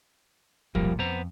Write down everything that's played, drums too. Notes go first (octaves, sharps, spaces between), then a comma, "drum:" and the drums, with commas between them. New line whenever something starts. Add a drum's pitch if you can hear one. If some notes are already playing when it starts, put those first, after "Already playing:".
B1 F2 A#2 F3 G3 A#4, drum: kick
F2 B3 C5 A#5